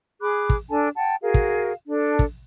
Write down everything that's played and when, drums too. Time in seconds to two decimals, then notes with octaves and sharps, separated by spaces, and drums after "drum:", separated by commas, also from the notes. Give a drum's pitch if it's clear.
0.21 G#4 B5 D6 F#6
0.50 drum: kick
0.70 D4 A4 G#5 A5
0.95 F#5 G5 A5
1.21 F#4 G#4 A#4 F5
1.34 drum: kick
1.87 D4 A4
2.19 drum: kick